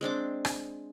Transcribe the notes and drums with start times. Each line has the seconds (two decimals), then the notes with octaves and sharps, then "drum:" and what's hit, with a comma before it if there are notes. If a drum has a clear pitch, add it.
0.01 G#3 C4 D4 D6
0.45 drum: rim click